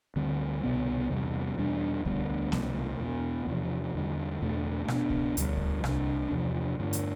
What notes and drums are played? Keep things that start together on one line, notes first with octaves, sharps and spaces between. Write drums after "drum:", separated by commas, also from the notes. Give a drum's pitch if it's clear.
D2 D3 G3 C4
C2 B2 B3
E2 C3 G3
E2 B2 G3 D4
D2 D3 G3 B3, drum: kick C2
C2 B2 A3, drum: snare B3
E2 B2 G3 B3
E2 C3 F3
E2 D3 G3
E2 B2 A3 D4
B2 B3 D4, drum: rim click
drum: kick C2
D2 D3 G3, drum: hi-hat
drum: kick C2
C2 C3 G3 D4, drum: rim click
E2 C3 F3
G2 D3 A3 D4
drum: hi-hat